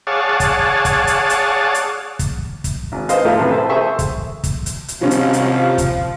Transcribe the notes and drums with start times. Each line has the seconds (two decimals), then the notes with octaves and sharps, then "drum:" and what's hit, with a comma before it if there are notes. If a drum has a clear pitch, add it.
0.07 G#4 C#5 D5 F5 F#5 A5
0.40 drum: kick, hi-hat
0.85 drum: kick, hi-hat
1.07 drum: hi-hat
1.30 drum: hi-hat
1.74 drum: hi-hat
2.19 drum: kick, hi-hat
2.64 drum: kick, hi-hat
2.92 G#1
3.09 B3 C5 D#5 F5, drum: hi-hat
3.25 A2 F3 F4 A4
3.38 A1 C3 B4
3.51 C5 E5 A5
3.69 G#4 A4 C5 E5 C6 C#6
3.99 drum: kick, hi-hat
4.44 drum: kick, hi-hat
4.66 drum: hi-hat
4.88 drum: hi-hat
5.01 G#1 C3 F3 G3 C#4
5.11 drum: hi-hat
5.33 drum: hi-hat
5.78 drum: kick, hi-hat